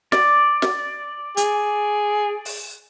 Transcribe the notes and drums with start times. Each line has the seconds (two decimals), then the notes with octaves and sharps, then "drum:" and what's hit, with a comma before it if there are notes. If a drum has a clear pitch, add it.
0.12 D5, drum: snare
0.62 drum: snare
1.37 G#4, drum: hi-hat
2.45 drum: open hi-hat